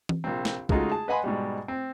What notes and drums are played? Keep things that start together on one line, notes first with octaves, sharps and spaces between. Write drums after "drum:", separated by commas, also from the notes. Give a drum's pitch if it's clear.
drum: tom E3
A#1 C3 C4
drum: snare
C#3 G#3 A3 D#4 F4 F#4, drum: kick
G#4 A5
B4 D#5 F#5 G#5 B5 C6
G#2 B2 G3
C4